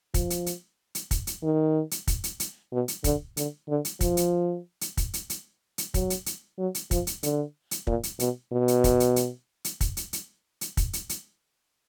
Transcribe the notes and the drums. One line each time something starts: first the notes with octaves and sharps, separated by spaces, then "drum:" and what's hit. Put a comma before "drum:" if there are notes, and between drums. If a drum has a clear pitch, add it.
F3, drum: kick, hi-hat
drum: hi-hat
drum: hi-hat
drum: hi-hat
drum: kick, hi-hat
drum: hi-hat
D#3
drum: hi-hat
drum: kick, hi-hat
drum: hi-hat
drum: hi-hat
B2
drum: hi-hat
D3, drum: kick, hi-hat
D3, drum: hi-hat
D3
drum: hi-hat
F3, drum: kick, hi-hat
drum: hi-hat
drum: hi-hat
drum: kick, hi-hat
drum: hi-hat
drum: hi-hat
drum: hi-hat
F#3, drum: kick, hi-hat
drum: hi-hat
drum: hi-hat
F#3
drum: hi-hat
F3, drum: kick, hi-hat
drum: hi-hat
D3, drum: hi-hat
drum: hi-hat
A#2, drum: kick
drum: hi-hat
B2, drum: hi-hat
B2
drum: hi-hat
drum: kick, hi-hat
drum: hi-hat
drum: hi-hat
drum: hi-hat
drum: kick, hi-hat
drum: hi-hat
drum: hi-hat
drum: hi-hat
drum: kick, hi-hat
drum: hi-hat
drum: hi-hat